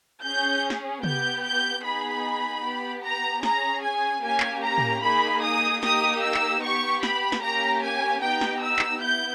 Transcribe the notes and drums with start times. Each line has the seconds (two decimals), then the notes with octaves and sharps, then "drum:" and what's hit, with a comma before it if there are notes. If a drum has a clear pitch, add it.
0.24 C#4 G#4 G6
0.70 drum: snare
1.03 B3 G4 G6, drum: tom
1.44 G6
1.84 B3 D#4 G#4 B5
2.63 B3 G4
3.03 A#5
3.43 C#4 G#4 A#5, drum: snare
3.83 G#5
4.23 A#3 C#4 G4 G#5
4.40 drum: clap
4.64 A#5
4.78 drum: tom A2
5.03 A#3 D#4 G#4 B5
5.44 D#6
5.83 A#3 D#4 G4 D#6, drum: snare
6.24 E6
6.34 drum: clap
6.63 B3 G4 C#6
7.03 B5, drum: snare
7.32 drum: snare
7.43 A#3 C#4 G4 A#5
7.83 G#5
8.23 B3 D#4 G4 G5
8.41 drum: snare
8.63 E6
8.79 drum: clap
9.02 B3 E4 G6